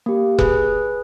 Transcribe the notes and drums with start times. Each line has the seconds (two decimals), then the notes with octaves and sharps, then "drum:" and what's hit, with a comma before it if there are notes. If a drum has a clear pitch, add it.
0.06 A#3 G4
0.39 G#4 B4, drum: kick F1